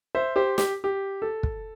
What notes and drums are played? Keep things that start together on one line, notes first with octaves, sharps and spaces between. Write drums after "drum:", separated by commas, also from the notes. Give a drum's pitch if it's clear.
C5 E5
G4 C5
G4, drum: snare
G4
A4
drum: kick